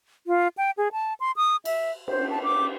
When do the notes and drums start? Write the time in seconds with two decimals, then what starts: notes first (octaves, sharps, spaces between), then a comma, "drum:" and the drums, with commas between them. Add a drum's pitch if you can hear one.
0.27 F4
0.58 G5
0.77 G#4
0.92 A5
1.20 C6
1.36 D#6
1.65 E5, drum: cymbal
2.08 C5, drum: cymbal
2.30 A5
2.43 D6